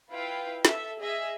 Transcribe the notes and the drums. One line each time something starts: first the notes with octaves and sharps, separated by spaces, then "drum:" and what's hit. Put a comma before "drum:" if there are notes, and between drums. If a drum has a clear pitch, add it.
E4 F4 B4 F5 G5
A4 E5, drum: snare
G#4 D#5 E5